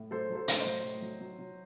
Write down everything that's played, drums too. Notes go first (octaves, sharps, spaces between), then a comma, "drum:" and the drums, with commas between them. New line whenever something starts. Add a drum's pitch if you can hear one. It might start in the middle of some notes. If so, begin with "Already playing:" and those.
Already playing: A2
F#3 A4 C5
F#3
A4 C5
A2, drum: hi-hat
C5 D#5
F#3
A2
F#3
F#3
F#3